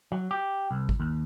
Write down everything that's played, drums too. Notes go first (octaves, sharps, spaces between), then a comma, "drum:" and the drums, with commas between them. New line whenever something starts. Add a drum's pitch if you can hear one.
F#3
G4
C2
drum: kick G#1
D#2